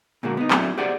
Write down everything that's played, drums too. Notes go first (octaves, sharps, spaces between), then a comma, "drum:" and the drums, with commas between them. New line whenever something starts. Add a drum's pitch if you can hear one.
A#2 D3 G#3 A#3 F#4
B3 D#4
F#3 A3 C4 D4 E4, drum: clap
G4 G#4 B4 C5 D5 F#5